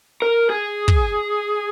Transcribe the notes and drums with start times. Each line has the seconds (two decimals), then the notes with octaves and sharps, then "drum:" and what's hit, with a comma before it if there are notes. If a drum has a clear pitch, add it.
0.22 A#4
0.50 G#4
0.88 drum: kick